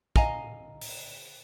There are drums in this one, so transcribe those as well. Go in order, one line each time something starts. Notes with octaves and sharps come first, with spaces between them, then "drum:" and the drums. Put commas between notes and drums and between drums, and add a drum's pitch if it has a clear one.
D#5 F5 G#5 A#5, drum: kick
drum: open hi-hat